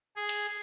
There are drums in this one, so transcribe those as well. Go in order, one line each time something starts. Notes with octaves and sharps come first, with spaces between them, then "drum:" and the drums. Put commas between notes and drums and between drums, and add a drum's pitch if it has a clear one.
G#4
drum: hi-hat